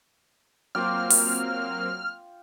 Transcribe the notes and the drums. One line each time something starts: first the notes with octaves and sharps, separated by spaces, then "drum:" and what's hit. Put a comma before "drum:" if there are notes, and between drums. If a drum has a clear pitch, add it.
F#3 A#3 C4 F4 G5 D6 F6
drum: open hi-hat